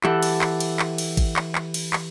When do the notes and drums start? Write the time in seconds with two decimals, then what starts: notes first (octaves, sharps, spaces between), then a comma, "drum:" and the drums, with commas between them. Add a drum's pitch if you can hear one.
0.04 E3 G4 A4 F#5, drum: clap
0.23 drum: cymbal
0.41 drum: clap
0.60 drum: cymbal
0.79 drum: clap
0.98 drum: cymbal
1.17 drum: kick A1, cymbal
1.36 drum: clap
1.55 drum: clap
1.74 drum: cymbal
1.93 drum: clap